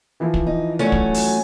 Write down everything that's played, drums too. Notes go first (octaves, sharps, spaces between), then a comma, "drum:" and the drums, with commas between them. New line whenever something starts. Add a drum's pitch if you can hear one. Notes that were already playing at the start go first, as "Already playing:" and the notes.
E3 F3 E4
drum: kick
D#4
F#3 A3 C#4
drum: kick
drum: open hi-hat